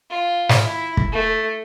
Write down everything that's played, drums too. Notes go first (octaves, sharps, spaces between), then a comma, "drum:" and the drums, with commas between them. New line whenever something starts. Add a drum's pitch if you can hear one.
F4
drum: snare
E4
drum: kick
A3